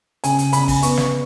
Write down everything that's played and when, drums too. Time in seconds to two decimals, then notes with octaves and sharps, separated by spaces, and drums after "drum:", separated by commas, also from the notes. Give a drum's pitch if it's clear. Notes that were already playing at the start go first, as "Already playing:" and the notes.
0.24 C#3 G#5, drum: hi-hat
0.39 drum: hi-hat
0.53 C#3 B5, drum: hi-hat
0.68 drum: kick, open hi-hat
0.83 B3 C#6, drum: hi-hat
0.97 drum: snare